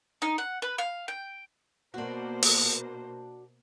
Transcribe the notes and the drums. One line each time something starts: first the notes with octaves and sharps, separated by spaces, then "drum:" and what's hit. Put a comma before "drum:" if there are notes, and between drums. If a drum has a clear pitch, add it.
D#4
F#5
B4
F5
G5
B2 A#3 D4 F#4 C5
drum: open hi-hat